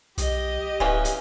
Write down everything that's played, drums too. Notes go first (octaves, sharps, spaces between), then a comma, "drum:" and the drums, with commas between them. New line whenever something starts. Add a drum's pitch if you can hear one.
B1 G4 D#5, drum: hi-hat
D1 C#3 E3 C#4
drum: hi-hat